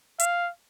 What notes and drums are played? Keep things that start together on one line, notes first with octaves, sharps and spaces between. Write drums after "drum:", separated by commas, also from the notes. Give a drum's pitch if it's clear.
F5, drum: hi-hat